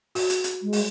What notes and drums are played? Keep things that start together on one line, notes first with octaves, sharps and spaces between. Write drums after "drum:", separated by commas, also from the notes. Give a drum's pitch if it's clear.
F#4, drum: open hi-hat
drum: hi-hat
drum: hi-hat
G#3
drum: open hi-hat